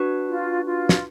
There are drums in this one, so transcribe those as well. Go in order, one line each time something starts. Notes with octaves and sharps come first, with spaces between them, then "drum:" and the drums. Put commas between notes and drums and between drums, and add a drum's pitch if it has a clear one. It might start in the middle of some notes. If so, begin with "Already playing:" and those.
Already playing: D4 F#4 B4
F4
F4
drum: snare